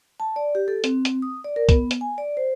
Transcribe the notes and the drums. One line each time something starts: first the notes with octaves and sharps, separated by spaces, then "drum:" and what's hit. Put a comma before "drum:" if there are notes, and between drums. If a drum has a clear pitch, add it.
A5
D5
G4
A4
C4, drum: hi-hat
drum: hi-hat
D#6
D5
A#4
B3, drum: kick, hi-hat
drum: hi-hat
G#5
D5
C5